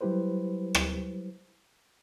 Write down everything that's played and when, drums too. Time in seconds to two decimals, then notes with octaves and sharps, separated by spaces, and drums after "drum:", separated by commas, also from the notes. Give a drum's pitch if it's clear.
0.01 F#3 G3 E4 G4 B4 C5
0.75 drum: rim click